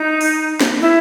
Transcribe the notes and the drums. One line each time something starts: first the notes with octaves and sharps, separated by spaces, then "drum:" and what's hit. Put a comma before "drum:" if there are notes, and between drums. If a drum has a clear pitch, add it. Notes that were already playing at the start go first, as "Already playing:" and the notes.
Already playing: D#4
drum: open hi-hat
drum: snare
E4